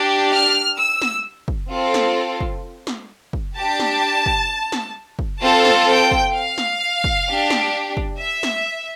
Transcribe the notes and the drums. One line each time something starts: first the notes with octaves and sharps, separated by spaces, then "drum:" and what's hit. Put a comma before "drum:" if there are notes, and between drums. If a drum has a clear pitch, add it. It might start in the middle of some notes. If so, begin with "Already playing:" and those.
Already playing: D4 G4
F6
E6
drum: snare
drum: kick
C4 F4 A4
drum: snare
drum: kick
drum: snare
drum: kick
D4 G4 A5
drum: snare
drum: kick
drum: snare
drum: kick
C4 F4 A4 A5
drum: snare
G5
drum: kick
F5
drum: snare
drum: kick
D4 G4
drum: snare
drum: kick
E5
drum: snare